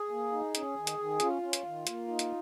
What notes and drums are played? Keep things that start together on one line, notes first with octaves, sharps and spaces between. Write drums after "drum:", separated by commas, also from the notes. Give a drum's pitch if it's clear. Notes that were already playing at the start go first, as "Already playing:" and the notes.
Already playing: G#4
A#3
D#4
C#4, drum: hi-hat
D#3
drum: hi-hat
D#3
C#4 F4, drum: hi-hat
C#4
drum: hi-hat
D#3
A#3, drum: hi-hat
D#4
drum: hi-hat